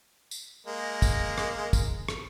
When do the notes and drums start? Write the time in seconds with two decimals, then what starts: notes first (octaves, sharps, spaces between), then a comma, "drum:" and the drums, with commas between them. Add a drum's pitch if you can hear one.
0.31 drum: tambourine
0.67 G#3 A#3
1.02 drum: kick, tambourine
1.38 drum: rim click
1.73 drum: kick, tambourine
2.09 drum: rim click